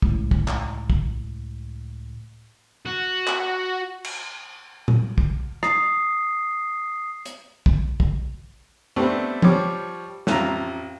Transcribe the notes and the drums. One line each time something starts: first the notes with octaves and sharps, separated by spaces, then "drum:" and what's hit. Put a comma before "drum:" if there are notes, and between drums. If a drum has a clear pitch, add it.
C#2 A2, drum: kick
drum: kick
drum: clap
drum: kick
F#4
drum: clap
drum: cymbal
drum: tom A#2
drum: kick
D#6 C7, drum: rim click
drum: hi-hat
drum: kick
drum: kick
G3 A3 B3 C4 D4
F3 G3 C#5 D6, drum: tom F3
A1 F2 F4 A#5, drum: snare